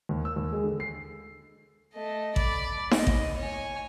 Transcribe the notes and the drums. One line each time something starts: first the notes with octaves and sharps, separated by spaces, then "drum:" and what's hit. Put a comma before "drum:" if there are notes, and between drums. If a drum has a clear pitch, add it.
D#2
E6
D#2
G#3
D3
C7
A3 D#5
D5 B5, drum: kick A1
D#5, drum: snare D#4
drum: kick A1
C#5 G#5